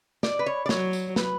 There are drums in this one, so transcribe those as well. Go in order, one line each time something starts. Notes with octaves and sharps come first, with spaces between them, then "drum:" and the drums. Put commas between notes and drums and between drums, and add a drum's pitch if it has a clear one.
D5, drum: snare
B4
C#5
D5
F#3 C#5, drum: snare
drum: tambourine
B4, drum: snare